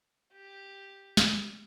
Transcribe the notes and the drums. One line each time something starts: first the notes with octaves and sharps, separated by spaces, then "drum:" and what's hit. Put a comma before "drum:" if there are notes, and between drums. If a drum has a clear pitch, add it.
G4
drum: snare